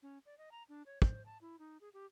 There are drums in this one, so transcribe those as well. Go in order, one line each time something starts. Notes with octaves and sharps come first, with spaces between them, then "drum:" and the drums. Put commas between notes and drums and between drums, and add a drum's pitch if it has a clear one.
C#4
D5
D#5
A#5
D4
C#5
C5, drum: kick
A5
E4
D#4
G#4
G4